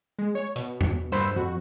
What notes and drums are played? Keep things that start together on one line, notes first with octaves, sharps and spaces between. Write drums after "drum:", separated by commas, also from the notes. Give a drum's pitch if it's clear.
G#3
C#5
B2, drum: hi-hat
drum: tom E2
G2 C5 B5 E6
F2 F#4